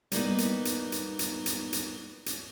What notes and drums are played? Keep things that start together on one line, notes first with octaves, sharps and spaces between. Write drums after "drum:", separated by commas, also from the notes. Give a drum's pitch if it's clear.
G3 A#3 B3 D#4, drum: hi-hat
drum: hi-hat
drum: hi-hat
drum: hi-hat
drum: hi-hat
drum: hi-hat
drum: hi-hat
drum: hi-hat